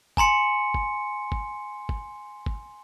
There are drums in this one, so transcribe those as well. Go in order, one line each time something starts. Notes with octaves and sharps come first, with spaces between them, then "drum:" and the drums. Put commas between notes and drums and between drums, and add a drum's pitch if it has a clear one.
G#5 A#5 C6 C#7, drum: kick
drum: kick
drum: kick
drum: kick
drum: kick